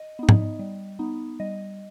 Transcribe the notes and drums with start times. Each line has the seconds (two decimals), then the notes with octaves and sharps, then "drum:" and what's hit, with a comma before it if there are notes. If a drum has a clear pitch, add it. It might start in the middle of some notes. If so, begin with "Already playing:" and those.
Already playing: D#5
0.19 B3 D#4
0.29 drum: tom G#2
0.59 G3
0.99 B3 D#4
1.40 G3 D#5